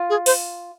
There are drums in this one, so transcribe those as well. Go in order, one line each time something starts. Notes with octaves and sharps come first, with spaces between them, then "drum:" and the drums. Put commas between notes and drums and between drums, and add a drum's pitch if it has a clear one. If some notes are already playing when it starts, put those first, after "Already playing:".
Already playing: F4
G#4
C5, drum: open hi-hat